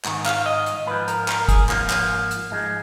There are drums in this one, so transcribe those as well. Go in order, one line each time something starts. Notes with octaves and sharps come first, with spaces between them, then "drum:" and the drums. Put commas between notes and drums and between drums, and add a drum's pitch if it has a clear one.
G#2 D#3, drum: clap
F5, drum: clap
D#5
drum: hi-hat
G#2 F3 B4
A#4, drum: hi-hat
A#4, drum: clap
G#4, drum: kick, hi-hat
G#2 F3 A#3, drum: clap
drum: clap
drum: hi-hat
G#2 F3 G#3